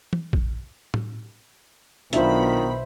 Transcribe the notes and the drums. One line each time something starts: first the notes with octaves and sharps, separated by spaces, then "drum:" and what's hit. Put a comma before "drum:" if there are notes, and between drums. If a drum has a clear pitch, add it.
drum: tom
drum: kick A#1
drum: tom A2
B1 B2 D#3 D4 F4 C5 E5 B5, drum: hi-hat